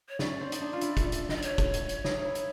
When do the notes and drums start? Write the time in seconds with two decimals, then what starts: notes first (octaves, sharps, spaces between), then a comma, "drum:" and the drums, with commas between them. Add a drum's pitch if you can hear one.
0.09 C#5
0.19 C#4 D5, drum: snare
0.41 C4
0.52 D#4, drum: hi-hat
0.61 D4
0.73 F4
0.81 E4, drum: hi-hat
0.97 drum: kick, hi-hat
1.12 drum: hi-hat
1.29 D#5, drum: snare
1.36 D5
1.42 C#5, drum: hi-hat
1.58 drum: kick, hi-hat
1.74 drum: hi-hat
1.89 drum: hi-hat
2.05 D#4, drum: snare
2.25 E4
2.35 drum: hi-hat